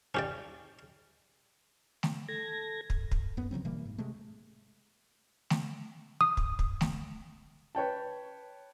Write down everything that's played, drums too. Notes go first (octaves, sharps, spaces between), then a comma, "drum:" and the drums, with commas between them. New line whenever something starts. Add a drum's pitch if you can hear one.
C#4 G4 D5
drum: snare A3
A4 G#6 A#6
drum: kick
drum: kick
F#2 B3
C#3 F3 F#3 C4
B2 E3 G3 A#3
G#2
C3 G#3 A3
drum: snare A3
D#6
drum: kick
drum: kick
drum: snare A3
B4 C#5 G5 A5